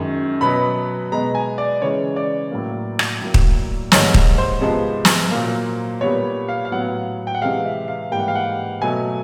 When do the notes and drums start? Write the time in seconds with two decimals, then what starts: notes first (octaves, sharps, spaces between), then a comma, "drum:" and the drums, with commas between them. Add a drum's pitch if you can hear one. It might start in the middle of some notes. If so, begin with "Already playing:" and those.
Already playing: F#2 D#3 G#3
0.41 B2 F#3 B3 B5
1.12 B2 G#3 B3 A#5
1.35 G#5
1.58 D5
1.82 C#3 E3 G#3 C#5
2.16 D5
2.51 A2 F#3 A#3
2.99 drum: rim click
3.22 A2 F#3 A#3
3.34 drum: kick
3.92 G#2 D#3 G3 A#3 C#5, drum: snare
4.14 drum: kick
4.38 C5
4.61 C3 F3 G#3 B3
5.05 drum: snare
5.31 A#2 F#3 A#3
6.01 A#2 G3 B3 C#5
6.48 F5
6.65 F5
6.71 A2 F#3 B3 F#5
7.27 G5
7.35 F#5
7.42 C3 E3 G#3 F5
7.65 E5
7.88 F5
8.11 G#2 E3 G3 A#3 G5
8.19 F#5
8.28 F5
8.35 F#5
8.81 B2 F#3 A3 G#5